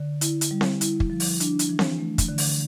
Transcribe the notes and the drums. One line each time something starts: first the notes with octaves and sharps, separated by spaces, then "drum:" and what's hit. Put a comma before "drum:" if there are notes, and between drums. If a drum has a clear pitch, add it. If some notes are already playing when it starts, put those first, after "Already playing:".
Already playing: D3
E4, drum: hi-hat
drum: hi-hat
G3
drum: snare C4
E4, drum: hi-hat
drum: kick
F3
drum: open hi-hat
D4, drum: hi-hat
drum: hi-hat
E3
drum: snare C4
A3
drum: kick, hi-hat
D3
drum: open hi-hat